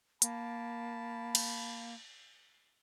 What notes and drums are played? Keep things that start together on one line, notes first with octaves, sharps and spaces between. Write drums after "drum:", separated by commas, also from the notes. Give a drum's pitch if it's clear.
A#3 A5 B5, drum: hi-hat
drum: cymbal